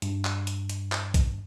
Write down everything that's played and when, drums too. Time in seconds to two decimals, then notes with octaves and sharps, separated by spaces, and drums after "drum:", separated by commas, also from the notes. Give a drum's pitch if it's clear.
0.02 G2, drum: hi-hat
0.25 drum: clap
0.47 drum: hi-hat
0.69 drum: hi-hat
0.92 drum: clap
1.14 drum: kick, hi-hat